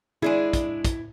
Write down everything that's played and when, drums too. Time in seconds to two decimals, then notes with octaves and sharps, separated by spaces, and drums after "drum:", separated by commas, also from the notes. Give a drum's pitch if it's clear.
0.22 G#3 D4 E4 G#4, drum: tom D#3
0.53 drum: kick, hi-hat
0.85 drum: kick, hi-hat